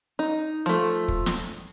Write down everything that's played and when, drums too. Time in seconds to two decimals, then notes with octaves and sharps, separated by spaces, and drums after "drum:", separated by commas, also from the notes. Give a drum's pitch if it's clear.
0.19 D#4
0.66 F3 A3
1.08 drum: kick
1.26 drum: snare